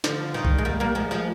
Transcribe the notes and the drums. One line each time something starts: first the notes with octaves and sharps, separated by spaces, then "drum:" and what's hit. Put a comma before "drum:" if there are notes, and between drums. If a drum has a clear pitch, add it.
D3 F3, drum: snare
D#3 G3
drum: kick B1
G#3
G3 A#3
G3 A#3
F3 G#3
F3 G#3